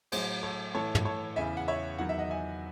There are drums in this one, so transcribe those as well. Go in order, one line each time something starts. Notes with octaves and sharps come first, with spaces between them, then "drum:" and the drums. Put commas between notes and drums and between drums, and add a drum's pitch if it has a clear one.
A2 F#3 G#4 C5, drum: cymbal
A4 C#5
A2 E3 A4 C#5
drum: tom
A4 C#5
E2 C#3 E3 E5 G#5
F#5
C#5 E5
E2 D#3 F#3 F#5
E5
D#5 F#5
E5 G#5